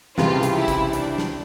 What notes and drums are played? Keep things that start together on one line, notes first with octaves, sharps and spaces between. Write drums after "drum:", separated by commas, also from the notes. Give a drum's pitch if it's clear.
C#2 C3 E3 G3 F4, drum: snare
drum: hi-hat
E4
drum: kick, hi-hat
D4, drum: hi-hat
drum: snare